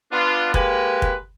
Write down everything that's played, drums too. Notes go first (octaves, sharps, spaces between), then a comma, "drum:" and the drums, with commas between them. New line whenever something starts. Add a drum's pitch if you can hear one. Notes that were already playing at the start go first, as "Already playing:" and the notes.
B3 D4 F4
G#3 A#3 G4 B4, drum: kick
drum: kick